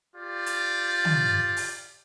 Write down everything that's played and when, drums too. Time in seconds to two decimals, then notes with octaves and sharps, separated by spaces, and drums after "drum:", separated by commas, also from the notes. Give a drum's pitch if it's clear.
0.16 F4 G4 D5
0.46 drum: hi-hat
1.05 drum: tom
1.57 drum: open hi-hat